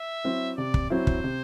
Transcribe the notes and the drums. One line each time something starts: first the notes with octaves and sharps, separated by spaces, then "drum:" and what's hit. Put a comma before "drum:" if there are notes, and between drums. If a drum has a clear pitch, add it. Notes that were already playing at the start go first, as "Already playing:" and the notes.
Already playing: E5
F#3 C4 E4
C3 D5
drum: kick
F#3 C4 E4 C5
drum: kick
C3